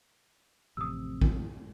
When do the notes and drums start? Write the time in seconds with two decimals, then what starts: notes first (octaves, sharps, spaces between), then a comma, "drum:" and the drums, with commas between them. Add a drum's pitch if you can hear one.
0.77 A1 F2 C3 D#6 E6
1.22 drum: kick